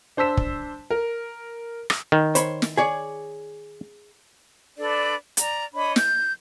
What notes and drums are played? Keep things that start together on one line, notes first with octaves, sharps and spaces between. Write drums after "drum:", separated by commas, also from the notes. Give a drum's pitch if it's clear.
D4 C5 A5 E6 B6 E7
drum: kick
A#4
drum: rim click
D#3
C5 C#5 B5, drum: hi-hat
drum: snare
G#4 C#5 D5
D4 A4 B4 D5
D5 A#5, drum: hi-hat
D4 C#5 D#5 B5
G6, drum: snare